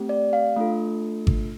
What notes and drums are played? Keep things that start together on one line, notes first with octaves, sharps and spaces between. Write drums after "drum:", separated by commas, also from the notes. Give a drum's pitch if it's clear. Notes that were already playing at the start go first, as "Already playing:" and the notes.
Already playing: A3 C4 G4
D5
F5
A3 D4 F4 A4
drum: kick G#1